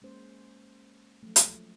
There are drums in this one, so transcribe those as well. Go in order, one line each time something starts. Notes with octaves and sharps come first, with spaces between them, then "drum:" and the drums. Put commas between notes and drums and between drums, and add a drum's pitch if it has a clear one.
G#3 A#3 C#4 C5
F3 F#3 A3
drum: hi-hat